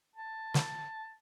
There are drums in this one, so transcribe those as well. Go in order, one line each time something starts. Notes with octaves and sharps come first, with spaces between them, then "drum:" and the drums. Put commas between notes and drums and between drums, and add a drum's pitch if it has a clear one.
A5
drum: snare